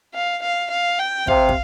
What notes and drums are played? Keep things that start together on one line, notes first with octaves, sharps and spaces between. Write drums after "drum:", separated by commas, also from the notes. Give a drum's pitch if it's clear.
F5
F5
F5
G5
C3 F5, drum: kick
drum: kick